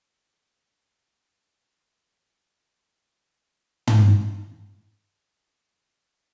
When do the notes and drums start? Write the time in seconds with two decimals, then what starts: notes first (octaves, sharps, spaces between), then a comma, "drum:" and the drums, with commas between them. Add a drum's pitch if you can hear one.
0.97 C#2 G#2 C#3 F3 G3 F5
1.85 C#2 A3 A#6
2.13 C4 C#4
3.13 E4
3.87 drum: tom
5.07 F4 G#5 D#6
5.28 E5